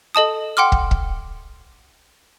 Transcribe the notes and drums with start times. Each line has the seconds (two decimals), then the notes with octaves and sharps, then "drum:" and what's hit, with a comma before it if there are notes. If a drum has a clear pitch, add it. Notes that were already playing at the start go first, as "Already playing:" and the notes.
0.15 A4 D#5 A5 D#6
0.57 F#5 G5 C6 D6 F6
0.72 drum: kick
0.91 drum: kick